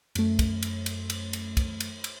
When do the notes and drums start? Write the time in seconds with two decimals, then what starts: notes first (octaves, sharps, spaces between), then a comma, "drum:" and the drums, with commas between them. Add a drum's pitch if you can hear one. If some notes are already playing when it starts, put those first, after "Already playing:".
0.15 F#2 A3, drum: cymbal
0.39 drum: kick, cymbal
0.63 drum: cymbal
0.86 drum: cymbal
1.10 drum: cymbal
1.33 drum: cymbal
1.57 drum: kick, cymbal
1.80 drum: cymbal
2.04 drum: cymbal